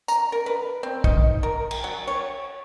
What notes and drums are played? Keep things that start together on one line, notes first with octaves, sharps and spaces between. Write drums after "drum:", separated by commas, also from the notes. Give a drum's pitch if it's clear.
A#5, drum: tambourine
A#4
B4
C4
D#4, drum: kick
A#4
drum: cymbal
F#3
C#5